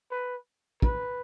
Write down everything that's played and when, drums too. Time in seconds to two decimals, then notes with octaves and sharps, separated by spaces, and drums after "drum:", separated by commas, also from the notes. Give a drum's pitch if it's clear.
0.11 B4
0.82 B4, drum: kick